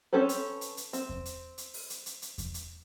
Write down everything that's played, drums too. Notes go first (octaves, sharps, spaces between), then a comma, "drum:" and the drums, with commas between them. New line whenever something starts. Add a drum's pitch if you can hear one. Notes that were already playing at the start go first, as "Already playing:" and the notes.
C4 C#4 A4 B4 C5
drum: hi-hat
drum: hi-hat
drum: hi-hat
C4, drum: hi-hat
drum: kick E2
drum: hi-hat
drum: hi-hat
drum: open hi-hat
drum: hi-hat
drum: hi-hat
drum: hi-hat
drum: kick E2, hi-hat
drum: hi-hat